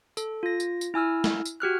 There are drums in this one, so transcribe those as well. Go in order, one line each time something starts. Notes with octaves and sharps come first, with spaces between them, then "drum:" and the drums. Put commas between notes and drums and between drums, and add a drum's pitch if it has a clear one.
A4, drum: tambourine
F4 A#6
drum: tambourine
drum: tambourine
E4 G#5 E6 F6
drum: snare
drum: tambourine
F#4 G4 F6 F#6